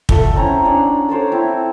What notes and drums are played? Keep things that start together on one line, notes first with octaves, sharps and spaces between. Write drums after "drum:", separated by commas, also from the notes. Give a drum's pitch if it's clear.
A3 A4 F5 F#5, drum: kick
C4 C#4 E4 A#5
C#4 D4 F5 F#5
A4 A#4 C5 C#5
C4 E4